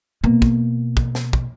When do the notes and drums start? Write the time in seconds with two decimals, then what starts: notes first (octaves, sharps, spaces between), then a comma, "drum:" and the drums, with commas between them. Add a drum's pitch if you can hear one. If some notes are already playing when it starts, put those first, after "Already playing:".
0.24 B2 A#3
0.42 drum: kick
0.97 drum: kick
1.15 drum: snare
1.33 drum: kick